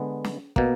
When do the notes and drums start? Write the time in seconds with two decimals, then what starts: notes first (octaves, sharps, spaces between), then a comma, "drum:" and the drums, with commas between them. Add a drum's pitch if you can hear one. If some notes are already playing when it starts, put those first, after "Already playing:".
Already playing: D3 G#3 B3
0.24 drum: snare
0.56 B2 A#3, drum: kick